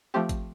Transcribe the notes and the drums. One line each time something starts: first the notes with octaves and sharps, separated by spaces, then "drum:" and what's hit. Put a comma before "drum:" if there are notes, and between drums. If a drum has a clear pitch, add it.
F3 A3 C4 G4
drum: kick G#1, hi-hat